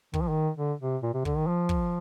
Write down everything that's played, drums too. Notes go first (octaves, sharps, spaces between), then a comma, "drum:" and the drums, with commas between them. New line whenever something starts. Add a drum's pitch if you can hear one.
D#3, drum: kick
F3
D#3
D3
C3
A#2
C3
D3, drum: kick
D#3
F3
drum: kick